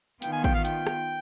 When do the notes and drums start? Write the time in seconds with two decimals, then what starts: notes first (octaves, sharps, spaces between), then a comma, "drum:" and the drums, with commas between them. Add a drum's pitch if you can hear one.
0.22 D#3 B3 F4 G5, drum: hi-hat
0.33 G#5
0.44 G5, drum: kick A1
0.54 F5
0.65 G5, drum: hi-hat
0.87 drum: rim click